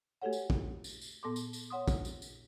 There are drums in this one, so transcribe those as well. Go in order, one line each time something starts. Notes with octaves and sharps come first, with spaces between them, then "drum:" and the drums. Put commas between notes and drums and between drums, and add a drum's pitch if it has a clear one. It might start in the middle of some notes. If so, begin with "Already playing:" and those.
A3 F#4 G4 A4 C#5 F#5
drum: tambourine
drum: kick
drum: tambourine
drum: tambourine
A#2 B3 A4 C6 D6
drum: tambourine
drum: tambourine
C#5 F#5 C6 D#6
drum: kick, tambourine
drum: tambourine
drum: tambourine